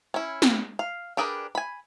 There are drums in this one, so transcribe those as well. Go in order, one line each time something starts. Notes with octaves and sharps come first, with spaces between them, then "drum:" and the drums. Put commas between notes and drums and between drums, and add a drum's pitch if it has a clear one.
C#4 E4
drum: snare
F5
D4 G4 G#4 A#4 B4
G#5 B5